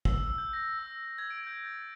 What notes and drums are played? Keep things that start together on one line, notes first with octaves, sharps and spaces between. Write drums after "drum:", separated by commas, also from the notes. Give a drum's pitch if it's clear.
E6, drum: kick
E6
G6
A#6
E6
G6
G#6
D7
G6
A6